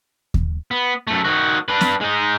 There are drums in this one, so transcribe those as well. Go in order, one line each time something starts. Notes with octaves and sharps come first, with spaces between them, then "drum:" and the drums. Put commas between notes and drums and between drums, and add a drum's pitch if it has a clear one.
drum: kick D#2
B3
F#2 A3
D#3 F#4
D4 B4
drum: snare
G#3 D#4